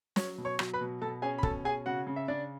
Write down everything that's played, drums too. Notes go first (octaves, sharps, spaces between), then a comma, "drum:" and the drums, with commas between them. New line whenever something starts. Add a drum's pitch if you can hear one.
F#3 C#5 C#6, drum: snare
B2
C#5 C#6
F#3, drum: rim click
B4 B5
B2
B2 A4 A5
C#4 G#4 G#5
B5
B2 A4 A5, drum: kick
C#4 G#4 G#5
C#3 F#4 F#5
C#3
E5
C#3 D4 D5